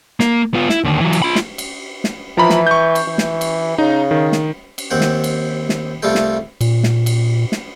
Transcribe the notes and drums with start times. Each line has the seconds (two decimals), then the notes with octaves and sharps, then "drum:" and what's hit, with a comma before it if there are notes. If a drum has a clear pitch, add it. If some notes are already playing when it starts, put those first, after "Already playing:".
0.20 A#3, drum: snare
0.54 B3 F4
0.70 E4, drum: snare
0.84 D#2 D3
1.00 E3 F#3
1.13 drum: cymbal
1.22 F4 B5
1.36 drum: snare
1.58 drum: cymbal
2.04 drum: snare
2.37 E3 F3 A#5 B5
2.50 drum: snare
2.67 C#6 G6
2.95 drum: cymbal
3.08 E3
3.18 drum: snare
3.41 drum: cymbal
3.78 C#3 D#4
4.11 D#3
4.32 drum: snare
4.78 drum: cymbal
4.91 D#2 C4 F#5 G5
5.01 drum: snare
5.24 drum: cymbal
5.69 drum: snare
6.03 C2 G3 A3 F4 A4 G5
6.15 drum: snare
6.61 A#2, drum: cymbal
6.83 drum: snare
7.06 drum: cymbal
7.52 drum: snare